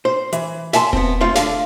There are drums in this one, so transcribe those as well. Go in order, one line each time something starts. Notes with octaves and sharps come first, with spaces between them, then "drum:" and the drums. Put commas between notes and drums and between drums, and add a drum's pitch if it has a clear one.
C5
E3, drum: hi-hat
E5 G#5 A5 B5 C6, drum: snare
B3 C4, drum: kick E1
A3 C4 F4
D3 F5, drum: snare